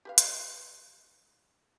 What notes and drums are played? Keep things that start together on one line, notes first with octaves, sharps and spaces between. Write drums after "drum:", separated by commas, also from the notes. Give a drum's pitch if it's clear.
G4 B4 F5
drum: hi-hat